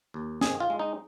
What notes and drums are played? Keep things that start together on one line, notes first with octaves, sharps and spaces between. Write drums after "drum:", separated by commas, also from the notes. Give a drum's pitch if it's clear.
D#2
D#3 G#4, drum: snare
F4
G#3
D#4